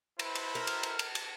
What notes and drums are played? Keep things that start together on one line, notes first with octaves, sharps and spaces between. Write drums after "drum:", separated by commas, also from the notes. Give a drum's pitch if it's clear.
E4 B4 C5, drum: cymbal
drum: cymbal
A#4
drum: cymbal
drum: cymbal
drum: cymbal
drum: cymbal